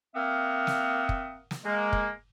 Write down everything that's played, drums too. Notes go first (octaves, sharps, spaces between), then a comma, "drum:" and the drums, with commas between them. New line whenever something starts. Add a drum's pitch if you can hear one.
A#3 C4 E5 F#5 D#6 F6
drum: snare
drum: kick
drum: snare
G#3 A#3
drum: kick